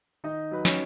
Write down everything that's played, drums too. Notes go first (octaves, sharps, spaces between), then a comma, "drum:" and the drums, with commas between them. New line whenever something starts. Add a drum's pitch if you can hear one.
D#3 D#4 D#5
F#3 B4
C#4 C#5, drum: snare